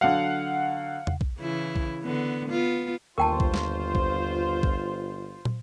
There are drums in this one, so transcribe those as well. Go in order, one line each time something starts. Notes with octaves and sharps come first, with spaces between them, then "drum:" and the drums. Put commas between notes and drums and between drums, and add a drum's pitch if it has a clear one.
D3 F#3 F5 F#5
drum: tom E2
drum: kick B1
C#3 E3 E4
drum: kick B1
D3 B3
B3 F4
G1 D#2 F4 A#4 C5 G5 A5 C#6
drum: kick B1
drum: snare
drum: kick B1
drum: kick B1
drum: tom